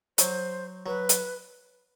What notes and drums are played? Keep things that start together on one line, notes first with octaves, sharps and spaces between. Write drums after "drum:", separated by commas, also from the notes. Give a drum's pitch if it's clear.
F#3 C5, drum: hi-hat
F#3 B4
drum: hi-hat